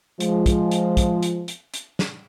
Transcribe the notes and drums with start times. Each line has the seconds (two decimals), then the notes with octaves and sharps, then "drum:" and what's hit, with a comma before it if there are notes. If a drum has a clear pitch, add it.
0.20 F3 G#3, drum: hi-hat
0.46 drum: kick, hi-hat
0.71 drum: hi-hat
0.97 drum: kick, hi-hat
1.23 drum: hi-hat
1.48 drum: hi-hat
1.74 drum: hi-hat
1.99 drum: snare